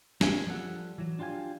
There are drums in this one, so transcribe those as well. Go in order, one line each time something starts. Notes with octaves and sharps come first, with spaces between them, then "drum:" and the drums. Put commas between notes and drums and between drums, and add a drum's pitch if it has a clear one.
C4 G#4 G#5, drum: snare
F3 G3 A4 F#5
E3 F#3
D4 F4 G4 F5 G#5